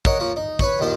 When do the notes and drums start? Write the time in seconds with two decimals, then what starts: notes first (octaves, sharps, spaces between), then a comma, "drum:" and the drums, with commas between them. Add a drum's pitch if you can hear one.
0.05 A#4 C#5 D#5 F#5, drum: kick
0.19 F3 A#3 C#5
0.36 D#4
0.59 B4 C#5 G#5 C#6, drum: kick
0.79 A#1 D#2 D#3 F3 F4 C5